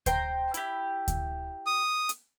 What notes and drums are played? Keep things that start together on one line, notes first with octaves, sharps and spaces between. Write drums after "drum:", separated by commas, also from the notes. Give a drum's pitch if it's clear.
C5 G5 A#5, drum: kick D2, hi-hat
E4 G4, drum: hi-hat
drum: kick D2, hi-hat
D#6
drum: hi-hat